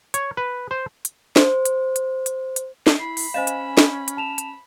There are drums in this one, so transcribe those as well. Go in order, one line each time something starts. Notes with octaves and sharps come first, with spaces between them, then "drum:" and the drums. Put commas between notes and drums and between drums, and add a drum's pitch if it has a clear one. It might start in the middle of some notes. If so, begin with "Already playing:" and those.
C#5, drum: hi-hat
B4
C5
drum: hi-hat
C5, drum: snare
drum: hi-hat
drum: hi-hat
drum: hi-hat
drum: hi-hat
drum: snare
E4 B5 C7
drum: open hi-hat
C#4 C5 D#5 F5 G#5 E7
drum: hi-hat
drum: snare
drum: hi-hat
A5 E7 F7
drum: hi-hat